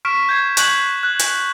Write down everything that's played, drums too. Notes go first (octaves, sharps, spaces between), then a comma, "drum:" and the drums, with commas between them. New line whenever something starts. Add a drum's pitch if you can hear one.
C#6 F6 B6 D7 E7
G6 G#6 C7
C#6 F#6 G6 F#7, drum: hi-hat
F#6
drum: hi-hat